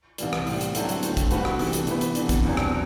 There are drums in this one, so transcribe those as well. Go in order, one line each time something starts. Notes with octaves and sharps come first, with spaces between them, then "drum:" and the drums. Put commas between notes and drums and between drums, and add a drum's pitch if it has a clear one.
C2 C3 E3 G3, drum: hi-hat
drum: rim click
A2 G3 C4, drum: open hi-hat
drum: hi-hat
D3 F#3 C4 E4 A4, drum: hi-hat
drum: hi-hat
D2 D3 A3 C4, drum: hi-hat
drum: kick, hi-hat
C3 G3 D4 F#4 B4, drum: hi-hat
drum: rim click
C3 E3 A3, drum: open hi-hat
drum: hi-hat
C3 E3 B3 E4 B4, drum: hi-hat
drum: hi-hat
C3 E3 B3 D4, drum: hi-hat
drum: kick, hi-hat
E2 B2 F#3 C4 G4
drum: rim click